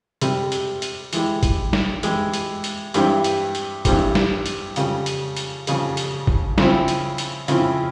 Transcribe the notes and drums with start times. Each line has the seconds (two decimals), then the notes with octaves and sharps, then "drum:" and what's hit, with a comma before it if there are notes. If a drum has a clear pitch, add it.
0.21 C3 G3 C4, drum: hi-hat
0.52 drum: hi-hat
0.82 drum: hi-hat
1.13 E3 G#3 E4 G4, drum: hi-hat
1.43 drum: kick, hi-hat
1.73 drum: snare
2.03 E3 G#3 E4 G4, drum: hi-hat
2.34 drum: hi-hat
2.64 drum: hi-hat
2.94 G2 E3 G3 C4 G4, drum: hi-hat
3.24 drum: hi-hat
3.55 drum: hi-hat
3.85 G2 E3 G3 C4 G4, drum: kick, hi-hat
4.15 drum: snare
4.46 drum: hi-hat
4.76 F2 C#3 G3, drum: hi-hat
5.06 drum: hi-hat
5.37 drum: hi-hat
5.67 F2 C#3 G3, drum: hi-hat
5.97 drum: hi-hat
6.27 drum: kick
6.58 C#3 F3 C4 E4, drum: snare
6.88 drum: hi-hat
7.18 drum: hi-hat
7.48 C#3 F3 C4 E4, drum: hi-hat